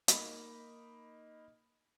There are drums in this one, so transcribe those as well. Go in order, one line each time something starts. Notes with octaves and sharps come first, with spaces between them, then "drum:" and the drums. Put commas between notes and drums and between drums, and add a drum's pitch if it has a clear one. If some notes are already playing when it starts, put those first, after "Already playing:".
A#3 D#4 B5, drum: hi-hat